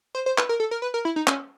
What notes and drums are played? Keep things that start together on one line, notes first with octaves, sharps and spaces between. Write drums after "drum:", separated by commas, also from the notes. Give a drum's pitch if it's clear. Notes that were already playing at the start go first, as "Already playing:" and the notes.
C5
C5
B4, drum: clap
A#4
A4
A#4
B4
A#4
E4
D#4
C#4, drum: clap